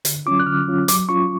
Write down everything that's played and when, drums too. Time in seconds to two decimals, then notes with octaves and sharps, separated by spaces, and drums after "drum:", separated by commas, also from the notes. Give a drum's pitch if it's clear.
0.05 D3, drum: hi-hat
0.26 F#3 C#4 F4 D6
0.40 F#6
0.46 D3 F6
0.67 F#3 C#4 F4
0.88 F#3 D6, drum: hi-hat
1.09 C#4 F4 C#6